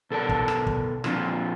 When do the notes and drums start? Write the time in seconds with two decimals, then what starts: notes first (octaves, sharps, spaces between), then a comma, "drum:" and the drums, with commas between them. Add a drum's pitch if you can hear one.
0.11 B2 A4 A#4 D5 A5
0.29 drum: kick
0.48 drum: rim click
0.67 drum: kick
1.04 A#2 F3 C4 D4 F4, drum: rim click